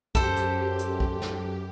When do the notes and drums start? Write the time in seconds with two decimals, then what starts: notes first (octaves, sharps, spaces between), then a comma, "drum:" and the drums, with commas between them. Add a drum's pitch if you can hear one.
0.15 F#2 G4 A4 C5, drum: kick
0.36 drum: hi-hat
0.79 drum: hi-hat
1.00 drum: kick
1.22 drum: snare